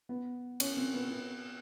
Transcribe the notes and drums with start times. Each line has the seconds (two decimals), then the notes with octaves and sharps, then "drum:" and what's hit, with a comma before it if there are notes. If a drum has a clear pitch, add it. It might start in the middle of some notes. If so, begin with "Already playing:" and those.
0.09 B3
0.60 C#4, drum: cymbal
0.77 C4
0.93 B3
1.11 B3